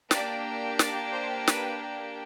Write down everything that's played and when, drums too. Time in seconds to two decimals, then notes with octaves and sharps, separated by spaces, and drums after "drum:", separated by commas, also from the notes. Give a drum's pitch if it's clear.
0.11 A#3 D4 G4 D5, drum: snare
0.79 D5, drum: snare
1.13 C5
1.47 B4, drum: snare